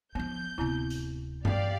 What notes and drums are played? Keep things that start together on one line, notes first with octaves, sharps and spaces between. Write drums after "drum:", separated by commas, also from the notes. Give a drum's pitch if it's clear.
F3 B3 D#4 G6
D1 C3 B3 C4 E4
drum: hi-hat
E3 A#3 G4 D5 F5, drum: tom G2